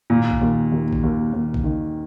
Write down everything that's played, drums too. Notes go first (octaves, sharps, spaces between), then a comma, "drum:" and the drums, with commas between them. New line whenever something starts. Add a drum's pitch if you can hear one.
D#2 A#2
drum: kick A#1
D#2
D#2
drum: kick A#1
D#2
D#2
drum: kick A#1
D#3